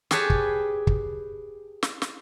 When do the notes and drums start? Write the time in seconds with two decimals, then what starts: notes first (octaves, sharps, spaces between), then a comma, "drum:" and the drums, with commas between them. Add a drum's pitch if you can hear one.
0.11 G4 G#4 B4 C#5 A5, drum: snare
0.30 drum: kick
0.87 drum: kick
1.83 drum: snare
2.02 drum: snare